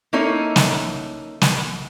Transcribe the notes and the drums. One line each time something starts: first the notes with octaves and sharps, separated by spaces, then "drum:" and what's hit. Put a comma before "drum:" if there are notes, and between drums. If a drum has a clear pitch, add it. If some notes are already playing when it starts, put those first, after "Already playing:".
A#3 C#4 D#4 E4 A4
drum: snare
drum: snare